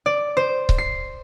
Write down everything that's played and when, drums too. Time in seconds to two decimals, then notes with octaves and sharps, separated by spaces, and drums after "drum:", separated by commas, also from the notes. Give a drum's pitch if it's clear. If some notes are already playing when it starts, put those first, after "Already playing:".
0.06 D5
0.37 C5
0.69 drum: kick C#1
0.78 C7